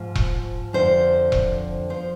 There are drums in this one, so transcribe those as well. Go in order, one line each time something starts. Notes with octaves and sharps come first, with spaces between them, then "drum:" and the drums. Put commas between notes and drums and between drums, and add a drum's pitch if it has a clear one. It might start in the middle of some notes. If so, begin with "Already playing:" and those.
Already playing: G#2 F3
drum: kick E1
F2 D3 F3 C5
drum: kick E1
F3 C5